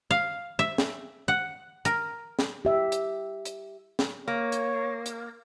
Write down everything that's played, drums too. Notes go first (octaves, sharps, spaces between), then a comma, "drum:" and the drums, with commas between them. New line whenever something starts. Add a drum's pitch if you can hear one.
F5
E5
drum: snare
F#5
A#4, drum: hi-hat
drum: snare
G4 E5
drum: hi-hat
drum: hi-hat
drum: snare
A#3 C#5
drum: hi-hat
drum: hi-hat